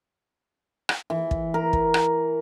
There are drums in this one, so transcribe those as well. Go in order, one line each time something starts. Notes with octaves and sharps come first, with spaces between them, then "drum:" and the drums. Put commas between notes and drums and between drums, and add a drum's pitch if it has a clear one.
drum: rim click
E3
drum: kick
A#4
drum: kick
drum: rim click